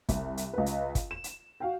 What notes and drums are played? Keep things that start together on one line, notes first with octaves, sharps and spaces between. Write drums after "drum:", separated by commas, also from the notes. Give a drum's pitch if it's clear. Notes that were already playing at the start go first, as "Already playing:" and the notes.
C2, drum: kick, hi-hat
drum: hi-hat
C#2 B4
drum: hi-hat
drum: kick, hi-hat
E7
drum: hi-hat
F#4 F5 G5